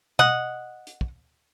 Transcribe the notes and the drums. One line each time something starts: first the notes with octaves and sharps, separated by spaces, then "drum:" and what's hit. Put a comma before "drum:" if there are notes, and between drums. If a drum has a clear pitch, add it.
D#5 F#5, drum: tom B2
drum: hi-hat
drum: kick